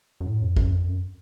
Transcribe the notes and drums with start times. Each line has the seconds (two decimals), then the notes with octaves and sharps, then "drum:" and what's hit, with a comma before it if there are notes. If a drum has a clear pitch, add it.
0.20 F#2
0.26 A2
0.42 F2
0.56 F#2, drum: kick A1
0.73 F2
0.88 F#2